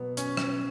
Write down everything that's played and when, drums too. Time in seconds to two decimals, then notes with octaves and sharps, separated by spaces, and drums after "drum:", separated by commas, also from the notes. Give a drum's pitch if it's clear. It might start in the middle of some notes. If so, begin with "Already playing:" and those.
Already playing: B2 F#3 B3
0.17 C#4, drum: hi-hat
0.37 drum: rim click